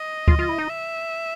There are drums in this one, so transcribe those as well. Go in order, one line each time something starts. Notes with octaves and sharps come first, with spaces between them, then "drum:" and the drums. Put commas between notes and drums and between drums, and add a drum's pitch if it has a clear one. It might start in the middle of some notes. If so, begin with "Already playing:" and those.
Already playing: D#5
F4, drum: kick D2
F4
E4
D#4
E5